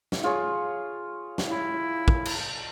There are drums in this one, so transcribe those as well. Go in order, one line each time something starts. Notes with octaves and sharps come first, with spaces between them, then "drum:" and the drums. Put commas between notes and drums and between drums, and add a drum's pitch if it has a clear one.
drum: snare
F4 G#4 C#5
drum: snare
E4
drum: kick
drum: cymbal